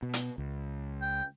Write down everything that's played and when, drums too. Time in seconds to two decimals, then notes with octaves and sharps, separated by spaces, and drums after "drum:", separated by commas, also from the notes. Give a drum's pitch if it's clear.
0.03 B2
0.13 drum: hi-hat
0.38 C#2
1.02 G5